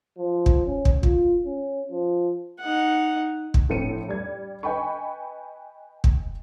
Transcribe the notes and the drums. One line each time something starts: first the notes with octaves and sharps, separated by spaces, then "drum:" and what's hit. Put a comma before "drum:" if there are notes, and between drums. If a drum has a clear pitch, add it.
F3
drum: kick
C#4
drum: kick
F4, drum: kick
C#4
F3
D#4 F#5
drum: kick
A#1 A2 A3 C4 C#7 D#7
G3 D5 G#6
B4 D#5 G5 G#5 B5 C#6
drum: kick